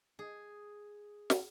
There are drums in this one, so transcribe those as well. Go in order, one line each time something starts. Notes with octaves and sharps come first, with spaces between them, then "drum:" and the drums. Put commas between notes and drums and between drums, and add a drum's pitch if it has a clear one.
G#4
drum: snare